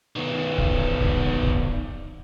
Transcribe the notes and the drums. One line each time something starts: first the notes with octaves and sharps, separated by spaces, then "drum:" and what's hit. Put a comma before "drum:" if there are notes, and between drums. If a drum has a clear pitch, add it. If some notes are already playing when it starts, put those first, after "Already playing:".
D#3 B3
drum: kick
drum: kick
drum: kick